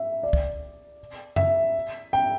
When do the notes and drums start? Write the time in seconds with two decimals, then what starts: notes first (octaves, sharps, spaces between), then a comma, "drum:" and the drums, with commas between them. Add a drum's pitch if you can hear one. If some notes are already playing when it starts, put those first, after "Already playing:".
Already playing: E5
0.23 D5
0.33 drum: kick
1.36 E5, drum: tom F#2
2.13 G5